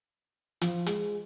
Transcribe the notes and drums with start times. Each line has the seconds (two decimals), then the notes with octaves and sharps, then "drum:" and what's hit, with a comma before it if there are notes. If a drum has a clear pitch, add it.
0.62 F3, drum: hi-hat
0.86 G#3, drum: hi-hat